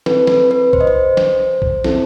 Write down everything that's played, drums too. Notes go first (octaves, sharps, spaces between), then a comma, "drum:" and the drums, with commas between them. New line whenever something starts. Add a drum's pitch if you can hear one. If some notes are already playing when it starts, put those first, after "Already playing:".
C4 E4 A4 B4, drum: snare
B4, drum: snare
B4
C5, drum: kick B1
D#5
C5
drum: snare
drum: kick B1
C4 E4 A4, drum: snare